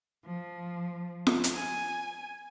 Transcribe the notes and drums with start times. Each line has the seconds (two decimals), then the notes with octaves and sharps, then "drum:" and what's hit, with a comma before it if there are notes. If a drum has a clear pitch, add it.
0.25 F3
1.27 drum: snare F4
1.44 drum: hi-hat
1.56 G#5